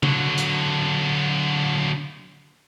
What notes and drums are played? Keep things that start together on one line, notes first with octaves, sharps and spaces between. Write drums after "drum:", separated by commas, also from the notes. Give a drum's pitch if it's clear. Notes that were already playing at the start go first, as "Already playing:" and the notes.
D3 F#3, drum: tom C#3
drum: hi-hat